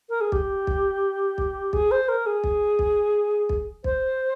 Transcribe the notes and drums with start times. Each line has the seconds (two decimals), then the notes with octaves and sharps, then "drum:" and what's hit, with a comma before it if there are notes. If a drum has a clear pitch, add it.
0.09 A#4
0.21 G#4
0.32 G4, drum: kick
0.67 drum: kick
1.38 drum: kick
1.73 G#4, drum: kick
1.91 C5
2.08 A#4
2.26 G#4
2.44 drum: kick
2.79 drum: kick
3.49 drum: kick
3.84 C5, drum: kick